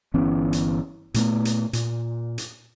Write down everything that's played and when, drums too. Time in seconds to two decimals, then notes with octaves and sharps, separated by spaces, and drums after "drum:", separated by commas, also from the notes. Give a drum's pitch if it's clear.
0.14 G1 E3 B3 C#4
0.53 drum: hi-hat
1.14 A#2 A3 B3, drum: hi-hat
1.45 drum: hi-hat
1.73 A#2, drum: hi-hat
2.38 drum: hi-hat